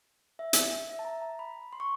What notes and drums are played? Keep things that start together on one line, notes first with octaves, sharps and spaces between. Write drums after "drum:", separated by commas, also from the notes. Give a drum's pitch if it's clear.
E5
drum: hi-hat
E5
A5
A#5
A#5
B5
C6
C#6